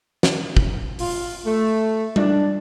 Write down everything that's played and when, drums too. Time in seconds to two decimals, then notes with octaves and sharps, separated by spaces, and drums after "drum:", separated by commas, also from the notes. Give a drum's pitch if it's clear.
0.23 drum: snare
0.57 drum: kick
0.99 F4, drum: open hi-hat
1.45 A3
2.16 D4, drum: tom G3